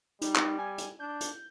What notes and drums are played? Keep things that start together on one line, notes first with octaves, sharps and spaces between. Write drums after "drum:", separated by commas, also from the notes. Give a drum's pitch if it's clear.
G3 D#4, drum: hi-hat
drum: clap
G#5
drum: hi-hat
D4 G6
drum: hi-hat